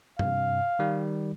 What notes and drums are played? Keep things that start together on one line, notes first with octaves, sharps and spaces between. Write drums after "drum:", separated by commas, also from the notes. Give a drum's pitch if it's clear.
G2 C3 F5, drum: tom G2
D#3 G3